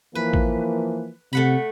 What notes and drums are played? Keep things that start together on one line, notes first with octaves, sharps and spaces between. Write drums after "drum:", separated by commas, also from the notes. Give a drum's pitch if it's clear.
E3 F3 A#3 B4
drum: kick
C3 A3 F#5 B5